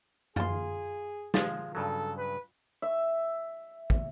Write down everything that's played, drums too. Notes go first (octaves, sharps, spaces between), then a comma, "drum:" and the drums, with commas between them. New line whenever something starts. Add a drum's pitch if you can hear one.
F4 G#4 C6, drum: tom F#2
F3 G#3 F4, drum: snare
G2 C#3 F#3 A4
B4
E5
drum: kick